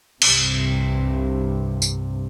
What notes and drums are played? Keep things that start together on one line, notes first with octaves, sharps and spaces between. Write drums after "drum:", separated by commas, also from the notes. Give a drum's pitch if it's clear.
C2 G2 C3, drum: cymbal
drum: tambourine